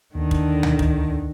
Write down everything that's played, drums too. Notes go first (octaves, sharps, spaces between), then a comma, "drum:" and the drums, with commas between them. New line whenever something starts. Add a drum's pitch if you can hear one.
D#2 D3 D#3
drum: kick
drum: tom D2
drum: kick